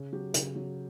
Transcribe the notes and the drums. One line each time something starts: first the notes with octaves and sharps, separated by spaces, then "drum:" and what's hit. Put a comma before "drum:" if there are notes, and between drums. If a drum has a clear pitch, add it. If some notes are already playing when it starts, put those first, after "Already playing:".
Already playing: C#3
F#3 G4
C#3, drum: hi-hat
F#3